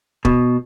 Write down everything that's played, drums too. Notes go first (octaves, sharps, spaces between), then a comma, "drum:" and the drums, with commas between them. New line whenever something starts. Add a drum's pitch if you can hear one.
B2, drum: kick